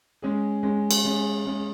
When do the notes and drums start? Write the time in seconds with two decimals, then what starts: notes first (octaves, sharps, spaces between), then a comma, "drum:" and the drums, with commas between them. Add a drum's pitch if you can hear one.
0.22 G#3 C#4 G#4
0.63 G#3 C#4 G#4
0.91 drum: cymbal
1.05 G#3 C#4 G#4
1.46 G#3 C#4 G#4